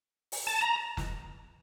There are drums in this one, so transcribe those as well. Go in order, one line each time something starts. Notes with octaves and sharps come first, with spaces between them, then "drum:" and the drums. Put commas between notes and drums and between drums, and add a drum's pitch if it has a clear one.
drum: open hi-hat
A5
A#5
drum: snare